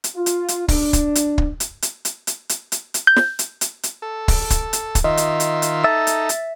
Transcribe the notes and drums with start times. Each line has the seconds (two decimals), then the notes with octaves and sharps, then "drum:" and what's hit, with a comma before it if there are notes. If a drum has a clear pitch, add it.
0.04 drum: hi-hat
0.16 F4
0.26 drum: hi-hat
0.48 drum: hi-hat
0.68 D4, drum: kick, open hi-hat
0.93 drum: kick, hi-hat
1.15 drum: hi-hat
1.38 drum: kick
1.60 drum: hi-hat
1.82 drum: hi-hat
2.05 drum: hi-hat
2.27 drum: hi-hat
2.49 drum: hi-hat
2.72 drum: hi-hat
2.94 drum: hi-hat
3.07 G6
3.16 drum: snare
3.39 drum: hi-hat
3.61 drum: hi-hat
3.83 drum: hi-hat
4.02 A4
4.28 drum: kick, open hi-hat
4.50 drum: kick, hi-hat
4.73 drum: hi-hat
4.95 drum: kick, hi-hat
5.04 D#3 F4 D#5 E5
5.17 drum: hi-hat
5.40 drum: hi-hat
5.62 drum: hi-hat
5.84 D#4 A4 E5 A6
6.07 drum: hi-hat
6.29 drum: hi-hat